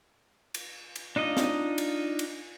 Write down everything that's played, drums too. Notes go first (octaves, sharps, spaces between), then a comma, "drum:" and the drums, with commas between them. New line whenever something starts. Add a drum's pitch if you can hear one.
drum: cymbal
drum: cymbal
D4 D#4 F4 D#5
drum: snare
drum: cymbal
drum: cymbal